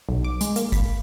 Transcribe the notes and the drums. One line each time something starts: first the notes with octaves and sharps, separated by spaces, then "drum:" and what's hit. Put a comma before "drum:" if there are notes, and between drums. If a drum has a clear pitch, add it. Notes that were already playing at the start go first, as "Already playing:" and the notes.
B1
D6
G#3, drum: hi-hat
A#3, drum: hi-hat
B5, drum: kick, hi-hat